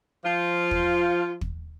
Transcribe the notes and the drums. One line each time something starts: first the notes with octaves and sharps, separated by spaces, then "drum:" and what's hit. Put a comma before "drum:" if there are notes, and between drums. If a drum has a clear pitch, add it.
F3 F4
drum: kick
drum: kick